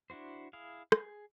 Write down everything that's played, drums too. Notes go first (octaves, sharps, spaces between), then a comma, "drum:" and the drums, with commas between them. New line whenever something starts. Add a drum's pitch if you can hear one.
D4 E4 F#4 C5
E4 G#4 F5
G#4, drum: rim click